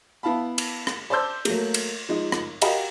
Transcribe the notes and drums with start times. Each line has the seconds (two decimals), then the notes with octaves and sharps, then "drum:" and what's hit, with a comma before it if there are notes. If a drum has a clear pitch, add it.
0.23 B3 E4 F5 A5 B5
0.58 drum: cymbal
0.87 drum: rim click
1.10 C5 D5 A5 C6 E6 G6
1.45 F#3 A3 A#3, drum: cymbal
1.74 drum: cymbal
2.09 F3 G#3 D#4
2.32 drum: rim click
2.62 F#4 G4 A#4 D#5 F5 A#5, drum: cymbal